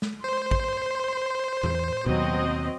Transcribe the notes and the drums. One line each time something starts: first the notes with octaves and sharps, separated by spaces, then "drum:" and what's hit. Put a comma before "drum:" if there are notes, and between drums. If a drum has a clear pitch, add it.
drum: snare
C5 C6
drum: kick
E2, drum: tom A2
D#2 B2 F#3 C4 D#5